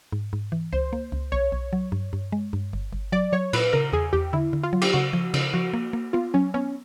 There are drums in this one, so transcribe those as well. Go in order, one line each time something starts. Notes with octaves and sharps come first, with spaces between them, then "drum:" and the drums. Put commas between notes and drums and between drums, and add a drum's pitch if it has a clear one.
G#2
G#2
E3
C#2 C5
A#3
C#2
B1 C#5
B1
F#3
G2
G2
G#3
G2
G1
G1
F#3 D5
F#3 C#5
A#2 B4, drum: cymbal
C#3 A#4
E2 G#4
E2 G4
D3 E4
D3
F4
F#3
G4, drum: cymbal
C#3 F#4
F3
C#3, drum: cymbal
F3 F#4
A#3
A#3
B3 F4
F#3 C#4
B3 C#4